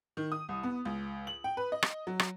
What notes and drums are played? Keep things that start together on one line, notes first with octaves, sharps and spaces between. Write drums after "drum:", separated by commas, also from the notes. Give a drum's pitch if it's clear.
D#3
D#6
C2
B3
C#2
F#7
G5
B4
D#5
drum: rim click
F#3
drum: rim click